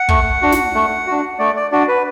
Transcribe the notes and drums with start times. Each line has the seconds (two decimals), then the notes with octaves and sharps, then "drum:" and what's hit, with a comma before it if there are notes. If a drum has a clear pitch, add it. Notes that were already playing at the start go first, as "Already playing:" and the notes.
Already playing: F#5
0.09 A3, drum: kick
0.42 D4 F#4
0.52 drum: snare
0.74 A3
1.07 D4 F#4
1.39 A3 D5
1.56 D5
1.71 D4 F#4 D5
1.88 B4